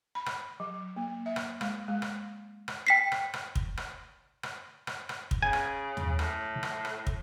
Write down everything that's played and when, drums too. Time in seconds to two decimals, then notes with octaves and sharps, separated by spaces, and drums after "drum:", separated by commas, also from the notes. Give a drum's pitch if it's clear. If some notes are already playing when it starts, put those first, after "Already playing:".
0.15 B5
0.26 drum: rim click
0.60 F#3
0.96 A#3
1.26 E5
1.36 drum: rim click
1.61 G#3, drum: rim click
1.88 G#3
2.02 drum: rim click
2.68 drum: rim click
2.87 G5 B6 C7
3.12 drum: rim click
3.34 drum: rim click
3.55 drum: kick
3.77 drum: rim click
4.43 drum: rim click
4.87 drum: rim click
5.09 drum: rim click
5.31 drum: kick
5.42 C#3 G#5
5.53 drum: rim click
5.97 drum: tom
6.19 A2, drum: rim click
6.63 drum: rim click
6.85 drum: rim click
7.07 drum: kick